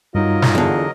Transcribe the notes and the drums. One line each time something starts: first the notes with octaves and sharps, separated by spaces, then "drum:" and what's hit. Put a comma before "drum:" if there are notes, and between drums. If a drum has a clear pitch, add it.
G2 F#3 G3 D#4 F4 A#4 D#5
drum: snare
E2 D3